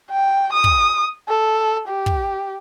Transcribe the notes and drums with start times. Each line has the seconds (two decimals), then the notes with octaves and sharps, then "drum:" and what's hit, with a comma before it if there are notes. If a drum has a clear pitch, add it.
0.11 G5
0.53 D#6
0.64 drum: kick
1.29 A4
1.88 G4
2.06 drum: kick